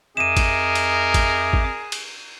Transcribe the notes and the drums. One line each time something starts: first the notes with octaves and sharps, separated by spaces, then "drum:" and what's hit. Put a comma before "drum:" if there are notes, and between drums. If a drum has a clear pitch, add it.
F2 D#4 G#4 A#4 E5 D6 D#7 E7
drum: kick G#1, cymbal
drum: cymbal
drum: kick G#1, cymbal
drum: kick G#1
drum: cymbal